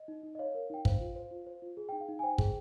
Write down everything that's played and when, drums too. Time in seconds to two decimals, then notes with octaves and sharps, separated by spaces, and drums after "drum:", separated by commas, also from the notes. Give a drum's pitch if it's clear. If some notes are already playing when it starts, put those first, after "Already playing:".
Already playing: D#5
0.08 D#4
0.23 D#4
0.35 D#5
0.39 C#5 F5
0.55 A#4
0.70 D#4 G5
0.85 C5 F5, drum: kick
1.00 F4
1.16 C5
1.31 F4
1.47 C5
1.62 F4
1.77 G#4
1.89 D#4 G5
2.01 F5
2.08 D#4
2.19 G#5
2.23 C5 G5
2.38 G#4, drum: kick